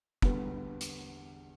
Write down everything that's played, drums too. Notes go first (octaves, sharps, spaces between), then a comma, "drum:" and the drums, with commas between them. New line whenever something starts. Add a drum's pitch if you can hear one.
E2 D3 G3 B3, drum: kick
drum: hi-hat